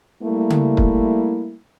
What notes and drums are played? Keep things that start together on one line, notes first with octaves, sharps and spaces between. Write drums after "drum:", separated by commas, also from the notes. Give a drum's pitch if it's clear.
G3 A3 A#3 E4
drum: tom C#3
drum: kick